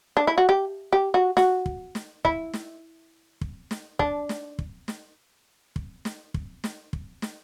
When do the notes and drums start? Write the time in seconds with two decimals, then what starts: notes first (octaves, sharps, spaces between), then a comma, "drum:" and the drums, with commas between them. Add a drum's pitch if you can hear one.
0.17 D4
0.27 E4
0.38 F#4
0.49 G4
0.92 G4
1.14 F#4
1.37 F#4, drum: snare
1.66 drum: kick
1.95 drum: snare
2.25 E4, drum: kick
2.53 drum: snare
3.41 drum: kick
3.71 drum: snare
3.99 D4, drum: kick
4.29 drum: snare
4.59 drum: kick
4.88 drum: snare
5.76 drum: kick
6.05 drum: snare
6.34 drum: kick
6.64 drum: snare
6.93 drum: kick
7.22 drum: snare